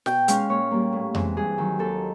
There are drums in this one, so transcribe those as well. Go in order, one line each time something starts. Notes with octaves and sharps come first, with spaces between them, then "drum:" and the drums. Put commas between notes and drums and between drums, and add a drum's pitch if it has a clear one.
B2 G5, drum: snare
G#3 C#4 F5, drum: hi-hat
A#2 C#5
G3 A#3
A2
E3 G#3 C4, drum: tom F2
G2 G#4
D#3 F#3
D#2 A4